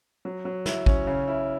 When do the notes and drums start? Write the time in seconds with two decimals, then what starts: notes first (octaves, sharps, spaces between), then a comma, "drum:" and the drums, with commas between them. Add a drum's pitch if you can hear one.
0.25 F#3
0.45 F#3
0.66 E4, drum: snare
0.86 C#4, drum: kick
1.07 C#3
1.28 E4